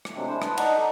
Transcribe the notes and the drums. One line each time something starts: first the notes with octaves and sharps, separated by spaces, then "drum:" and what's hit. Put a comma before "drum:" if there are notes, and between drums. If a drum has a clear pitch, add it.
drum: rim click
C3 F#3 G#3 A3 C4 D4
G#3 D4 E4 C5
B4 A5, drum: rim click
D#4 D5 D#5 F#5 A5 A#5, drum: cymbal
A4